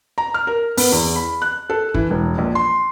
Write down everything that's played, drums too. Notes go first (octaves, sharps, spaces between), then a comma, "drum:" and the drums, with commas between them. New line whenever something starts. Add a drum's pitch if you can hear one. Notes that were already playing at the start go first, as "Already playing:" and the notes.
A#5
F6
A#4
B3, drum: open hi-hat
E2
B5
F#6
A4
E3, drum: kick
E1
A#1
C6